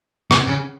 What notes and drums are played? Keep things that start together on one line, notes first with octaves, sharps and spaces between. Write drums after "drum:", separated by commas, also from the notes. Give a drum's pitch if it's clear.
C3, drum: rim click
C#3